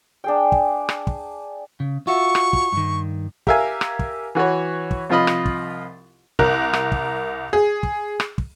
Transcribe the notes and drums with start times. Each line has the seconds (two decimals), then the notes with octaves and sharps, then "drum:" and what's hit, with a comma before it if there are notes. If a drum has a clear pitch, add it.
0.24 D4 G#4 G5
0.52 drum: kick
0.89 drum: rim click
1.07 drum: kick
1.80 C#3
2.07 F4 F#4 E5 C#6
2.35 drum: rim click
2.53 drum: kick
2.73 G2 D#3
3.47 G4 A#4 E5 F5 G#5, drum: kick
3.81 drum: rim click
3.99 drum: kick
4.35 E3 F#4 B4 C#5
4.91 drum: kick
5.10 C2 F3 F4 D#5 B5
5.27 drum: rim click
5.46 drum: kick
6.39 C2 A#4 F#6, drum: kick
6.73 drum: rim click
6.92 drum: kick
7.53 G#4
7.83 drum: kick
8.20 drum: rim click
8.38 drum: kick